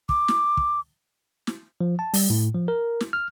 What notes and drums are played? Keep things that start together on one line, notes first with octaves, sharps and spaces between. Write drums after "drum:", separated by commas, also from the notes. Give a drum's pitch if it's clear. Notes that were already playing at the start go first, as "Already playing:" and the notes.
D6, drum: kick
drum: snare
drum: kick
drum: snare
F3
A5
G3, drum: open hi-hat
A2
F3
A#4
drum: snare
F6